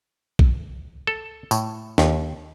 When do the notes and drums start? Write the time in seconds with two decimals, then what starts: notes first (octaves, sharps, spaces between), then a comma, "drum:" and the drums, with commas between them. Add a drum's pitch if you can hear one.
0.39 drum: kick A#1
1.07 A4
1.51 A2, drum: tambourine
1.98 D#2, drum: snare